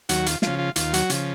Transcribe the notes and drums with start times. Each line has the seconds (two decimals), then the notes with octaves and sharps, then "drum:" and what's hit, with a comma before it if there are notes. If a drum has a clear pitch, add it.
0.09 D#2 F#3 F#4, drum: hi-hat
0.26 F4, drum: hi-hat
0.42 C#3 F3 F4, drum: snare
0.59 F4
0.76 D#2 F4, drum: hi-hat
0.93 F#3 F#4, drum: hi-hat
1.10 C#3 F3, drum: hi-hat